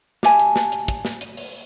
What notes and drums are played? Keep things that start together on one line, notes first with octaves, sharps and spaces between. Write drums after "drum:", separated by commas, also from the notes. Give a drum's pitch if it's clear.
G4 E5 G#5 A5, drum: snare
drum: hi-hat
drum: snare
drum: hi-hat
drum: kick, hi-hat
drum: snare
drum: hi-hat
drum: open hi-hat